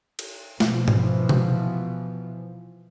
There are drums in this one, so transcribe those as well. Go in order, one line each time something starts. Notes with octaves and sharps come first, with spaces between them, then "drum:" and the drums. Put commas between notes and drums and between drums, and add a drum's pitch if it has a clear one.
drum: cymbal
B2 E3 F3, drum: snare
drum: tom G#2
drum: tom C3